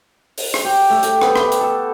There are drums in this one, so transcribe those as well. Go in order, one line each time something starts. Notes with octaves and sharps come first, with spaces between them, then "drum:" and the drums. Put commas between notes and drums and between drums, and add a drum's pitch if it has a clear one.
drum: open hi-hat
drum: rim click
G4
A3
G4, drum: hi-hat
B3, drum: rim click
drum: rim click
drum: hi-hat
A4